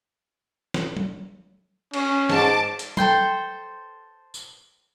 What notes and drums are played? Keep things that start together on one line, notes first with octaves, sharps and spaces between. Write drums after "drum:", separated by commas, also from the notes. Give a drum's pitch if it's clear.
drum: snare
drum: tom F#3
C#4, drum: cymbal
G#2 A5 D6, drum: snare
drum: hi-hat
A4 C5 G5 C6, drum: tom F#3
drum: tambourine